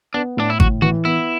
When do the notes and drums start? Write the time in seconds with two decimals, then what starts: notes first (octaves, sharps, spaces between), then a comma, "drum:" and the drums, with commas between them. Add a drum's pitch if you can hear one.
0.14 B3 D4
0.37 A2 D4
0.50 E4
0.60 A2 F#4, drum: kick G#1
0.82 E3 F#4
1.05 B3 E4